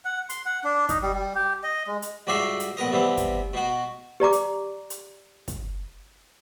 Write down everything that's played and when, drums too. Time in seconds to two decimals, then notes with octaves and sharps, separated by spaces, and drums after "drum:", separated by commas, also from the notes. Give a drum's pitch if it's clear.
0.05 F#5
0.29 C6, drum: hi-hat
0.45 F#5
0.64 D4
0.89 D#4, drum: kick, hi-hat
1.02 G3
1.14 G3
1.35 G4
1.64 D#5
1.87 G#3
2.02 drum: hi-hat
2.27 C#2 G2 F#4 D5 E5 C6
2.60 drum: hi-hat
2.77 A#1 B3 A#4 D#5
2.92 G2 C3 E3 B3
3.17 drum: kick, hi-hat
3.53 B2 F#4
4.20 G4 D5 A#5 D6
4.33 drum: hi-hat
4.90 drum: hi-hat
5.48 drum: kick, hi-hat